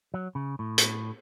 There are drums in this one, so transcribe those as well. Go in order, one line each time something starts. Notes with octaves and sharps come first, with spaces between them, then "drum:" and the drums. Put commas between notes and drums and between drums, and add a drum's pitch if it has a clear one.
F#3
C#3
A2
drum: hi-hat